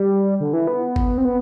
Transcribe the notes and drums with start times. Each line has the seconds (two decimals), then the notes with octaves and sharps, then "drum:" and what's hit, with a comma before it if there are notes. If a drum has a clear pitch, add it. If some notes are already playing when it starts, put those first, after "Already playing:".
Already playing: G3
0.40 D3
0.53 E3
0.67 B3
0.96 drum: kick G1
1.18 C4
1.25 B3